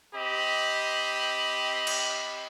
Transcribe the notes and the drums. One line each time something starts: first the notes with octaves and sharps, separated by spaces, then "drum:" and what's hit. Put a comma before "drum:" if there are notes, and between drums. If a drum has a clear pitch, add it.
C4 G4 D#5 B5
drum: cymbal